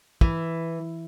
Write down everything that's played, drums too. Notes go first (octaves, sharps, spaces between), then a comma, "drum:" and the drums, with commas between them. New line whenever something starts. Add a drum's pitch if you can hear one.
E3, drum: kick